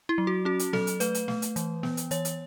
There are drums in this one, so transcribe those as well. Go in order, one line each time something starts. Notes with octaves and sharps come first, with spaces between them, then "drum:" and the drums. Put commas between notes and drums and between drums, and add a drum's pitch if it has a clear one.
E4
F#3
F#4
C#4 F#4
drum: hi-hat
F#3 A4, drum: snare
drum: hi-hat
A3 B4, drum: hi-hat
drum: hi-hat
A3, drum: snare
drum: hi-hat
E3, drum: hi-hat
B3, drum: snare
drum: hi-hat
E3 C#5, drum: hi-hat
drum: hi-hat